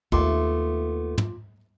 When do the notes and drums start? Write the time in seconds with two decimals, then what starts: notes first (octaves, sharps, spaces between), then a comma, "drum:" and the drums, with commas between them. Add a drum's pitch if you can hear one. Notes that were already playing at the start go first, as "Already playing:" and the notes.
0.12 D#2 A3 B3 F4 C6 D6, drum: kick
1.18 drum: tom